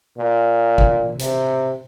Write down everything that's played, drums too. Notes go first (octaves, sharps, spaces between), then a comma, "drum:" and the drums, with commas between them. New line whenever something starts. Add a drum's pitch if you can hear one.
A#2
drum: kick
C3, drum: hi-hat